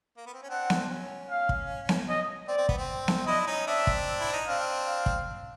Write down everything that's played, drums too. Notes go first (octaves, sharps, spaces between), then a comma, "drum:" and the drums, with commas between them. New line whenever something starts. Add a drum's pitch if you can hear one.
A#3
B3
C4
C#4
C4 D4 F#5
drum: snare B3
C#4
F5
drum: kick
drum: snare B3
D#5
C4 D5
C4
B3, drum: kick
C4
drum: snare B3
D4 E4 D#5
C#4 D#4
C4 D4 E5
drum: kick
E4
D#4
C4 D4 F5
F5
drum: kick